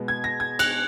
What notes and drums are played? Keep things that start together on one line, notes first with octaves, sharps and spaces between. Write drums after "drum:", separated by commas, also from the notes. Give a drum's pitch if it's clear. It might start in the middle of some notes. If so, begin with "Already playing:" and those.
Already playing: B2 G#3 B3
G#6
A#6
G#6
F#6, drum: cymbal